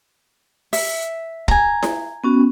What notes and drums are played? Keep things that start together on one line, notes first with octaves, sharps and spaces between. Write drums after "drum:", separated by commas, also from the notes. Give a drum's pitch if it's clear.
E5, drum: open hi-hat
G#5 A#5, drum: kick
drum: snare E4
B3 C#4 F#4